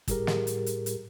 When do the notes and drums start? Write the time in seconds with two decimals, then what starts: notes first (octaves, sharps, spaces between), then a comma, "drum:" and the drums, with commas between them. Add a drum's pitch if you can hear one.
0.08 A2 G3 G4 G#4 A#4, drum: kick, hi-hat
0.27 drum: snare
0.47 drum: hi-hat
0.66 drum: hi-hat
0.86 drum: hi-hat